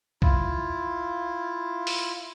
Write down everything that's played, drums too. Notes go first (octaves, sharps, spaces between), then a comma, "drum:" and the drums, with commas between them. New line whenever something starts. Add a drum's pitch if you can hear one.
E4 F4, drum: kick B1
drum: open hi-hat